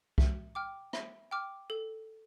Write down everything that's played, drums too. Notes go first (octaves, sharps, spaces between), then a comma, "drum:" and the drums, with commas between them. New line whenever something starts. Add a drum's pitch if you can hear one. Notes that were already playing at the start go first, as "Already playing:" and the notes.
E5, drum: kick C2
G5 D6 F6
E5, drum: rim click
G5 D6 F6
A4